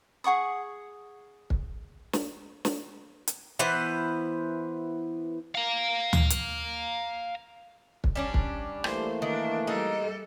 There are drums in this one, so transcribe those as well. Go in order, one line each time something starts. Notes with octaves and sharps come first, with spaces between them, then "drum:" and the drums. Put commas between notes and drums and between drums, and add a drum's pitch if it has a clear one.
G#4 F#5 C#6 D#6
drum: kick
drum: snare
drum: snare
drum: hi-hat
E3 B3 B4 C5
F5 A#5
drum: tom D2
drum: hi-hat
drum: kick
G3 C#4 D4
drum: kick
E3 A3 A#3 C5, drum: rim click
D#3 D4
G3 G#3 D#4 A4